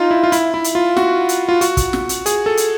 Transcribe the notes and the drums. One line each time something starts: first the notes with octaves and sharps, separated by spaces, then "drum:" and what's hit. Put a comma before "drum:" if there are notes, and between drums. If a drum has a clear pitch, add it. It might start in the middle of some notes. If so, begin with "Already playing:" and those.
Already playing: D#4 F4
E4
F4
E4, drum: hi-hat
E4
drum: hi-hat
F4
F#4, drum: snare
drum: hi-hat
F4
F#4, drum: hi-hat
drum: kick, hi-hat
drum: snare
drum: hi-hat
G#4, drum: hi-hat
A4
drum: hi-hat